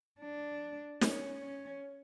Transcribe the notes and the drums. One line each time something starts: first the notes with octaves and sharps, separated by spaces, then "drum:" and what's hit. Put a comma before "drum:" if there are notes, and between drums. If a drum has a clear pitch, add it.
D4
C#4, drum: snare
C#4